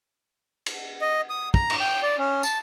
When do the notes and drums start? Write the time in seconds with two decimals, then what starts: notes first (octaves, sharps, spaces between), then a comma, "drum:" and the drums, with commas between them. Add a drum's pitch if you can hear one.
0.66 drum: cymbal
1.01 D#5
1.30 D#6
1.54 A#5, drum: kick
1.70 drum: cymbal
1.80 G5
2.03 D5
2.18 C#4
2.43 A5, drum: tambourine